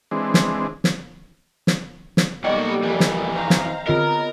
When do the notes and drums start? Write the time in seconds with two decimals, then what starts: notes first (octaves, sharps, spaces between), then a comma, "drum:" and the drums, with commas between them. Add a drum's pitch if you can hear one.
0.11 E3 G#3 C4 D4
0.34 drum: snare
0.84 drum: snare
1.67 drum: snare
2.17 drum: snare
2.44 B1 G3 A#3 F#4 A4 D5 D#5 G5
2.83 F2 E3
3.00 drum: snare
3.34 C5 F5 A#5
3.50 drum: snare
3.87 D3 B3 F4 A#4 D#5